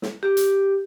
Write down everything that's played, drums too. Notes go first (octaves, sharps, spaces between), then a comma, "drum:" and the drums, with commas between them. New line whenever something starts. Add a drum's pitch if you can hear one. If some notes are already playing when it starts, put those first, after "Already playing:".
drum: snare
G4
drum: hi-hat